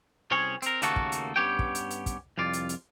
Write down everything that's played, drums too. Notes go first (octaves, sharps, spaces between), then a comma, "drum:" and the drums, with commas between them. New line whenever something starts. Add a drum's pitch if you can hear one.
C2 C4 C#4 G#4 C#5
C4 A#4, drum: hi-hat
D#2 C#3 A3 A#3 F#4 A4, drum: hi-hat
drum: kick
drum: hi-hat
G2 B3 C#4 G4 C#5 G5
drum: kick
drum: hi-hat
drum: hi-hat
drum: kick, hi-hat
C2 F2 F4 D5
drum: hi-hat
drum: hi-hat